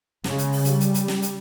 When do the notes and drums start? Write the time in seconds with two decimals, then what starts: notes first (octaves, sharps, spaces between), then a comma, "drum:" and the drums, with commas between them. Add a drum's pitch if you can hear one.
0.24 C#3 G#3, drum: snare
0.38 drum: hi-hat
0.52 drum: open hi-hat
0.64 G3, drum: hi-hat
0.80 drum: hi-hat
0.94 drum: hi-hat
1.08 drum: snare
1.22 drum: hi-hat